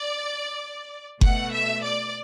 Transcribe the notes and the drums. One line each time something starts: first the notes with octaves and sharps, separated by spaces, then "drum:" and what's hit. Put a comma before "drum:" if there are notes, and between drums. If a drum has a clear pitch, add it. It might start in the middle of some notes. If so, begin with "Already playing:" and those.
Already playing: D5
B2 A3 F#5, drum: kick F#1
E5
D5